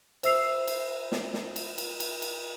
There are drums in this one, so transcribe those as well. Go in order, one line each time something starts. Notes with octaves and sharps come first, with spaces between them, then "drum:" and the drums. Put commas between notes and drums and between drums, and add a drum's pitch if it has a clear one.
C5 E5 E6 C7 F7, drum: cymbal
drum: cymbal
drum: snare
drum: snare
drum: cymbal
drum: cymbal
drum: cymbal
drum: cymbal